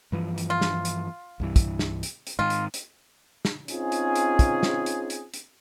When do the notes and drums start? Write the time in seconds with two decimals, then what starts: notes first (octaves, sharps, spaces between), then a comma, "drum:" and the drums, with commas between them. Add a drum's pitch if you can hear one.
0.12 G2 E3 F3
0.38 drum: hi-hat
0.50 F4
0.61 drum: snare
0.85 drum: hi-hat
1.40 C2 G2 E3
1.56 drum: kick, hi-hat
1.79 drum: snare
2.03 drum: hi-hat
2.27 drum: hi-hat
2.39 G#2 D#3 F4
2.50 drum: hi-hat
2.74 drum: hi-hat
3.45 drum: snare
3.68 C4 C#4 D#4 F4 G#4, drum: hi-hat
3.92 drum: hi-hat
4.16 drum: hi-hat
4.39 drum: kick, hi-hat
4.63 drum: snare
4.86 drum: hi-hat
5.10 drum: hi-hat
5.34 drum: hi-hat